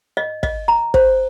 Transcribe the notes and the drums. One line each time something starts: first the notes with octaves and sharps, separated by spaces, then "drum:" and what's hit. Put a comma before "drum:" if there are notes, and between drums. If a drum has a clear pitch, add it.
D#5
D#5, drum: kick
A#5
C5, drum: kick